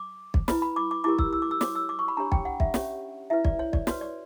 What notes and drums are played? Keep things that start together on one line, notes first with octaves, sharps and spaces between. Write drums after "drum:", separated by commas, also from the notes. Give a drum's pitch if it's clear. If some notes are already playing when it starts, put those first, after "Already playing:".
Already playing: D6
drum: kick
E4 B4 B5, drum: snare
B5
D6
D6
E4 G4 A#4 D6
E6, drum: kick
E6
D6
E6
F#4 C#5 D6, drum: snare
E6
D6
C#6
B5
D4 G4 C#5 A#5
G5, drum: kick
F#5
E5, drum: kick
C#4 G4 C#5, drum: snare
E4 B4 E5
D5, drum: kick
C#5
D5, drum: kick
F#4 B4 C#5, drum: snare
D5